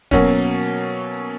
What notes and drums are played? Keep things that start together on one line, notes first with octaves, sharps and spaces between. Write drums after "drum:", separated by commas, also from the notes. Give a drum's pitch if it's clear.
B2 F#3 A#3 C#4, drum: kick